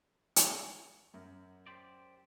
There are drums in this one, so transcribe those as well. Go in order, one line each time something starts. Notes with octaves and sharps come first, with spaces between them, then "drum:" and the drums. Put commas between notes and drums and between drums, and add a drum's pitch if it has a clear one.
drum: hi-hat
F#2
G4 C5 D5